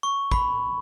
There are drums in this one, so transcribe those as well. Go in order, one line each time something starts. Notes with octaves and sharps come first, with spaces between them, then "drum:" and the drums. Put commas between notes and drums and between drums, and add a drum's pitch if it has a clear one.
C#6
B5, drum: kick